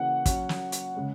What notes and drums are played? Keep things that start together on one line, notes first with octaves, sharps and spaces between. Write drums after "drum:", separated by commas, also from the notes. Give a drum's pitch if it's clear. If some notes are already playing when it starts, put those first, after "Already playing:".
Already playing: C#3 E3 A#3 C#4 F#4 F#5
F#3 C#4 F#4, drum: kick, hi-hat
drum: snare
drum: hi-hat
C#3 G#3 C#4